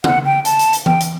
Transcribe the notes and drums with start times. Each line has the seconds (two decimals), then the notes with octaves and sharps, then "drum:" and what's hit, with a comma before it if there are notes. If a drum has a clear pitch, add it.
0.04 F#5, drum: tom C#3
0.25 G5
0.45 A5, drum: hi-hat
0.59 drum: hi-hat
0.73 drum: hi-hat
0.86 G5, drum: tom E3
1.00 drum: hi-hat